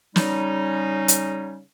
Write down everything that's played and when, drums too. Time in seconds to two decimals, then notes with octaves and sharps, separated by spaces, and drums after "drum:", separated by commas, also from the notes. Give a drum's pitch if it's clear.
0.16 C#3 G3 C#4 D#4, drum: snare
1.08 drum: hi-hat